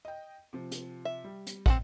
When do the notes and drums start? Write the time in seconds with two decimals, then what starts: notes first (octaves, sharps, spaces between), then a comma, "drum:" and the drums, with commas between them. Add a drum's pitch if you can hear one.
0.05 D#5 G5
0.53 C3 F3
0.71 drum: hi-hat
1.05 E5
1.24 G3
1.47 drum: hi-hat
1.66 C4 C#4 F#5, drum: kick